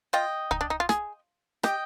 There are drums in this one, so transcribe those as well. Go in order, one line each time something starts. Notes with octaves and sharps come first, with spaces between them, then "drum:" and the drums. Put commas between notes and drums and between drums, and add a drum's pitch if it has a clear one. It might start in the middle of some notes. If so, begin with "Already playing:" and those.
F4 D#5 G5
D#4, drum: kick
D4
D#4
F4
G#4, drum: rim click
G4 D#5 G5, drum: rim click